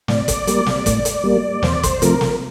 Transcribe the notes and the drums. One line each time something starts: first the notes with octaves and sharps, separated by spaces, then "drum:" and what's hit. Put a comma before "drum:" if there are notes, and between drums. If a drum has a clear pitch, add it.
A2 D5, drum: snare
drum: kick, hi-hat
G3 A#3, drum: hi-hat
drum: snare
A2, drum: kick, hi-hat
drum: hi-hat
G3 A#3
E2 C5, drum: snare
D5
C5, drum: kick, hi-hat
C3 F3 A3 A#4, drum: hi-hat
drum: snare